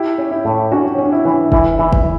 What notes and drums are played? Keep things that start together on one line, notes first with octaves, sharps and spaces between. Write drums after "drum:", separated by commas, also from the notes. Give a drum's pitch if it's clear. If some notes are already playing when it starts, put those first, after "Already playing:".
Already playing: E4 G4
C#4
E4
A2
C#4 D4 F#4
C#4 D4
E4
E3
E3 E4, drum: kick F#1
E3 E4
drum: kick F#1